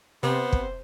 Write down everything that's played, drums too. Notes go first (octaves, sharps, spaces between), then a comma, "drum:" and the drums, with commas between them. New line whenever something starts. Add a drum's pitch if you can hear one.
C3 B3 C5
drum: kick